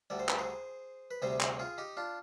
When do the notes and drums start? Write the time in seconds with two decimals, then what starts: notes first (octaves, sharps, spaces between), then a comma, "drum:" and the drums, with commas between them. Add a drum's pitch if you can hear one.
0.10 D2 D3 G3 D5
0.19 C5
0.29 B4, drum: clap
0.38 G#4 C5
1.11 B4
1.22 D2 C3 G3 G#4 C5
1.41 G#4 C5, drum: clap
1.59 F4 G#4
1.78 D#4 G4
1.97 D4 F4